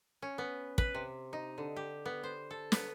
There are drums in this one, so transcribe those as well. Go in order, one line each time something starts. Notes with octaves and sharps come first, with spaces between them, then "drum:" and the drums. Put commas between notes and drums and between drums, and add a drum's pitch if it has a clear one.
C#4
B3
B4, drum: kick
C3
D#4
D3
G4
B3
C5
A4
B3, drum: snare